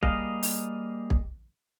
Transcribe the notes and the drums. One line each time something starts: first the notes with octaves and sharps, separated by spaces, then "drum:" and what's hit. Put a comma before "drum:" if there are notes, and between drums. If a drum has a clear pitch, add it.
G3 A#3 G#4 D#5 F5, drum: kick
drum: open hi-hat
drum: kick